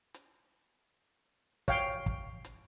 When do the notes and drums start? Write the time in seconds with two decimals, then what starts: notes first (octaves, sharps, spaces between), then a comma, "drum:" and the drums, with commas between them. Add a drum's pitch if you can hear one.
0.14 drum: hi-hat
1.68 C#5 F5 G5, drum: kick, hi-hat
2.06 drum: kick
2.45 drum: hi-hat